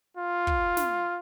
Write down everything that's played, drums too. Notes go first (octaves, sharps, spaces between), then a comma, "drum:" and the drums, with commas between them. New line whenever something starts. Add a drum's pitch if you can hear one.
F4
drum: kick
drum: snare